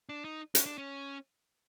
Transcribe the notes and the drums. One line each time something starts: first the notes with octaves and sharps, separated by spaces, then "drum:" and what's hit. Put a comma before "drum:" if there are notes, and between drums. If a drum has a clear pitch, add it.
D4
D#4
C#4, drum: hi-hat
D4
C#4